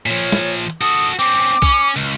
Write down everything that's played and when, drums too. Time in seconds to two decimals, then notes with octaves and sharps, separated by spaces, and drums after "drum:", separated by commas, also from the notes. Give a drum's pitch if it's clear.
0.06 A#2 F3 C#5
0.32 drum: snare
0.70 drum: hi-hat
0.81 F#4 A4 D#6
1.19 C4 C#4 D6
1.62 C#4, drum: kick B1
1.96 C#2